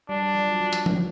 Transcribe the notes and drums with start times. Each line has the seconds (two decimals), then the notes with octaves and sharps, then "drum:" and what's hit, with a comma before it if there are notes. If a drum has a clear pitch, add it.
0.09 G3 D4
0.22 G3
0.35 F3
0.48 F#3
0.60 F3
0.73 F3, drum: hi-hat
0.86 E3, drum: tom F3